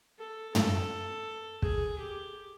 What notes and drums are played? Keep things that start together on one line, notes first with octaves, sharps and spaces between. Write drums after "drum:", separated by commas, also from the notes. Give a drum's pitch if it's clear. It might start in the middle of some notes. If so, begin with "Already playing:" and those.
A4
A4, drum: tom
G#4, drum: kick
G4